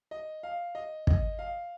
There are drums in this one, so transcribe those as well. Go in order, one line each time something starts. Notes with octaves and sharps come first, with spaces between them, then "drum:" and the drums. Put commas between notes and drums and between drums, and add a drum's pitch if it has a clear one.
D#5
F5
D#5
D#5, drum: kick
F5